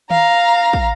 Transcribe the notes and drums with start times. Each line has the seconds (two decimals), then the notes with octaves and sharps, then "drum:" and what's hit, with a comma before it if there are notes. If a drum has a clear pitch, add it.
0.10 F5 A#5, drum: tom D#3
0.73 drum: kick